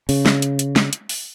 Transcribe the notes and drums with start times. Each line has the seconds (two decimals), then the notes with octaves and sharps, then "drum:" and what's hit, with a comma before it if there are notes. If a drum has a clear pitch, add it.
0.09 C#3, drum: open hi-hat
0.26 drum: snare
0.42 drum: hi-hat
0.59 drum: hi-hat
0.76 drum: snare
0.93 drum: hi-hat
1.09 drum: open hi-hat